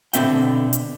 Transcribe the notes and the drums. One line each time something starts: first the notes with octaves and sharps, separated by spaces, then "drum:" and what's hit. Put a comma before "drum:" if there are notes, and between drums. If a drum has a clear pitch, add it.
B2 D3 C4 E5 G5, drum: hi-hat
drum: hi-hat